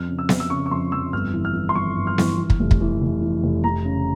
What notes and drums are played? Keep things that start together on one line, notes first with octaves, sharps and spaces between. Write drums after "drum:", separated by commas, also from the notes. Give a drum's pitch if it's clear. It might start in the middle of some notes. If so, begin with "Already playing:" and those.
Already playing: F2 F6
C#3
E6
C#3, drum: snare B3
E6
C#3 C#6
C#6
F2 C6
F2 E6
G1 F6
E3
F6
E3
C6
F2 C#6
G1
F6
E3, drum: snare B3
E3
drum: kick
F1
drum: kick
E3
F1
E3
F1
F1 A#5
C#3